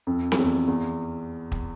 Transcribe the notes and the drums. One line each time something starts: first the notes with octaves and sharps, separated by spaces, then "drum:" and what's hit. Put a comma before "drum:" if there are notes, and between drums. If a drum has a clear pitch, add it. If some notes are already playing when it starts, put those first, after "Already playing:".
F2
F2, drum: snare C4
E2
E2
drum: kick